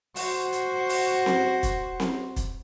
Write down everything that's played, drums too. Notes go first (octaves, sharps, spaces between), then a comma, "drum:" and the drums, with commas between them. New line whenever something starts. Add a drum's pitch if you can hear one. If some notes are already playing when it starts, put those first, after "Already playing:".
F#4 C5, drum: open hi-hat
drum: hi-hat
drum: open hi-hat
drum: snare C4
drum: kick, hi-hat
drum: snare C4
drum: kick, hi-hat